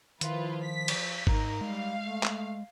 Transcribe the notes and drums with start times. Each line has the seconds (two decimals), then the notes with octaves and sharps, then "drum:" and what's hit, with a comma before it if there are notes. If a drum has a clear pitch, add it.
0.21 D#3 F3 E4 F4 B4, drum: hi-hat
0.63 B6
0.88 drum: cymbal
1.27 G#2 D#4 A#4, drum: kick G#1
1.61 G3 G#3 F5
2.04 A3
2.23 drum: clap